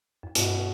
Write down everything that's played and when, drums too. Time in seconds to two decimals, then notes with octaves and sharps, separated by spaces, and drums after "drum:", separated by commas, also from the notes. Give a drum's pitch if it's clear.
0.23 F#2
0.35 G2 B2, drum: hi-hat